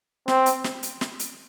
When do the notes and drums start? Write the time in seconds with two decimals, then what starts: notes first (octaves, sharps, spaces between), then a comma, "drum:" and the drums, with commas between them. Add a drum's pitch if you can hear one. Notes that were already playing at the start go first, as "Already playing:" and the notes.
0.28 C4, drum: snare
0.46 drum: hi-hat
0.64 drum: snare
0.83 drum: hi-hat
1.01 drum: snare
1.19 drum: hi-hat